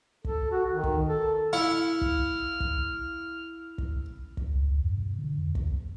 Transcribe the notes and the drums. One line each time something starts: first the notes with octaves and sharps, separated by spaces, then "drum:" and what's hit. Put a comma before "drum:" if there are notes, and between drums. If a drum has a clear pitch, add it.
A4, drum: kick
F#4
D#3
drum: kick
A4
E4 F5 F6
drum: kick
drum: kick
drum: kick
drum: kick
C#2
E2
G2
B2
D3
F2
drum: kick